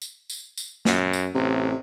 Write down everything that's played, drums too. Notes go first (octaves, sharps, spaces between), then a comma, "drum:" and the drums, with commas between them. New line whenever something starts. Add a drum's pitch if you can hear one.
drum: tambourine
drum: tambourine
drum: tambourine
F#2, drum: snare
drum: tambourine
A1 C3